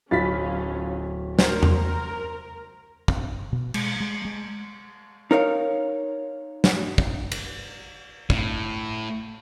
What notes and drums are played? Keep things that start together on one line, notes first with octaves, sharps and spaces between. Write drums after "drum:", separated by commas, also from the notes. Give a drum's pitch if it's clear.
D1 B1 C#4 F4 B5 A6 B6
A#4 C5, drum: snare
drum: tom E2
drum: kick
B2
G#3, drum: cymbal
G#3
G#3
D#4 A#4 C#5 F5
drum: snare
drum: kick
drum: cymbal
A2, drum: kick